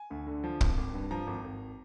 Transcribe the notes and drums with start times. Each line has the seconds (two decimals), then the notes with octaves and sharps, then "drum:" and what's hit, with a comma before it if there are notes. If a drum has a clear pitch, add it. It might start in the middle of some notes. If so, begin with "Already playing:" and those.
Already playing: G#5
0.10 D2
0.27 D3
0.44 F3
0.61 G#1, drum: kick
0.77 G#1
0.94 G2
1.11 F3 A#5
1.27 G#1
1.44 G#1